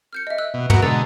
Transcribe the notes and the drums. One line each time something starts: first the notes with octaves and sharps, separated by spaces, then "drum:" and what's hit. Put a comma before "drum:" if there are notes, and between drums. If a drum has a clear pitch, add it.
F6 G6 C#7
D#5 E5
E6 F#6
B2
B3 F#4 A#4 C#7, drum: tom
B2 D3 G#3 A#5 E6 A6